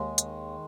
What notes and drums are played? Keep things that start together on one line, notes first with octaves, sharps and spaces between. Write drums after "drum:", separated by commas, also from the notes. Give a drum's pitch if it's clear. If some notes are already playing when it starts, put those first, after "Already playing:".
Already playing: D#2 G#3
D#3, drum: hi-hat